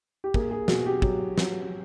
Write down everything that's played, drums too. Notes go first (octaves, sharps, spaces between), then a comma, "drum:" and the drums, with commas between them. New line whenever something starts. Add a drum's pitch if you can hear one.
G4
A#3 G#4, drum: kick
G#4
B2 F#4, drum: snare
G4
F#3, drum: kick
F#3, drum: snare